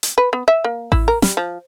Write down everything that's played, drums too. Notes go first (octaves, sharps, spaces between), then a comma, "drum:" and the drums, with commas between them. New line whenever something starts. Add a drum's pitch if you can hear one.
drum: hi-hat
B4
B3
E5
A#3
E4, drum: kick A1
A#4
G3, drum: snare
F3